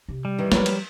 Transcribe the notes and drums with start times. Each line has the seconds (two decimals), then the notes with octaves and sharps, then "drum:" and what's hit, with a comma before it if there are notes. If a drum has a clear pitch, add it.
0.09 C3
0.25 G3
0.38 D#3 E3
0.52 F3 F#3 A#4 B4 C#5, drum: snare
0.66 drum: cymbal